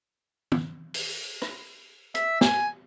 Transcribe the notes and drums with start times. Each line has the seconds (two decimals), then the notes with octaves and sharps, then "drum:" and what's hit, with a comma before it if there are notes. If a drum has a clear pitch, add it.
0.52 drum: tom
0.94 drum: open hi-hat
1.42 drum: rim click
2.15 E5, drum: hi-hat
2.41 G#5, drum: snare